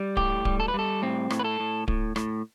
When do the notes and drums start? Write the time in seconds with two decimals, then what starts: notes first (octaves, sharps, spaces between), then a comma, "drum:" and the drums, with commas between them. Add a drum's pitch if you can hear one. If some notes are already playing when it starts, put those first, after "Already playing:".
Already playing: G3
0.17 A2 G4, drum: kick D1
0.45 G3, drum: kick D1
0.60 A4
0.68 B4
0.74 G3
0.79 A4
1.02 A2 C4
1.30 A2, drum: rim click
1.39 B4
1.44 A4
1.60 A2
1.88 A2, drum: kick D1
2.16 A2, drum: rim click